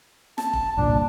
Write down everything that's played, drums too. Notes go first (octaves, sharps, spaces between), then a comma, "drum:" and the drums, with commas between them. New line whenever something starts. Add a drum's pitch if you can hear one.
A5, drum: snare
drum: kick F1
G1 C2 A#2 D4